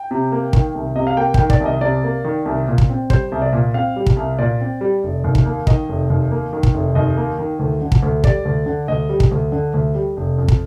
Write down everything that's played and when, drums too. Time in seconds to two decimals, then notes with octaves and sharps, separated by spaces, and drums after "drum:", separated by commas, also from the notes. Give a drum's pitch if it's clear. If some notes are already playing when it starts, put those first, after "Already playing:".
Already playing: G5
0.11 C3
0.32 A#3
0.53 D#3, drum: kick
0.75 C2
0.96 C3 D#5
1.07 F5
1.17 A#3 G5
1.34 D#3 G5, drum: kick
1.50 D5, drum: kick
1.60 C2
1.66 D#5
1.81 C3 D5
2.04 A#3
2.25 D#3
2.46 C2
2.68 A#2
2.78 drum: kick
2.89 C4
3.10 G3 C5, drum: kick
3.32 C2
3.42 D5
3.53 A#2
3.74 C4 F5
3.96 G3
4.07 drum: kick
4.17 C2
4.39 A#2 D5
4.61 C4
4.81 G3
5.03 F1
5.24 D#2
5.35 drum: kick
5.45 A#3
5.67 D#3 D#5, drum: kick
5.89 F1
6.10 D#2
6.31 A#3
6.53 D#3
6.63 drum: kick
6.74 F1
6.95 D#2 D#5
7.17 A#3
7.38 D#3
7.59 D2
7.82 D3
7.92 drum: kick
8.03 D2
8.24 G3 D5, drum: kick
8.45 D2
8.66 D3
8.88 D2 D#5
9.09 G3
9.20 drum: kick
9.31 D2
9.52 D3
9.74 D2
9.94 G3
10.17 F1
10.38 F2
10.48 drum: kick